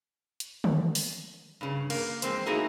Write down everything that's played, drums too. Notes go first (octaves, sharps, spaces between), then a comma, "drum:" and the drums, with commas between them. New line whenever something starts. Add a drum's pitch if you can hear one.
drum: hi-hat
drum: tom D3
drum: open hi-hat
G2 C#3
A#3, drum: cymbal
F2 G#3 C4 C5, drum: hi-hat
A3 A#3 D#4 E4 F#4 G#4